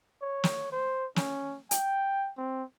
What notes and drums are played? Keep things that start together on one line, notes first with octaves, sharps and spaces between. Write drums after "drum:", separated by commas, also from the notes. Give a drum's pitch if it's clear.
C#5
drum: snare
C5
C#4, drum: snare
G5, drum: hi-hat
C4